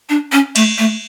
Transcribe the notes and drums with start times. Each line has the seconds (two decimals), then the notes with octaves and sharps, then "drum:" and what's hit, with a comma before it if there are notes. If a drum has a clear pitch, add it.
0.09 D4
0.32 C#4
0.56 A3, drum: cymbal
0.78 A3